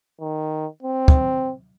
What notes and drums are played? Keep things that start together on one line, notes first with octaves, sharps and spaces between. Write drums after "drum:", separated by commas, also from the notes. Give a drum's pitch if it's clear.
D#3
C4
drum: kick